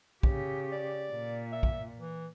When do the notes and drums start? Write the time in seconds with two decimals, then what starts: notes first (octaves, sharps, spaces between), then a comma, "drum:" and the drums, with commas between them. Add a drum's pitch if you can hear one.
0.23 C#3 G4, drum: kick
0.72 D5
1.12 A#2
1.52 E5
1.63 drum: kick
1.99 E3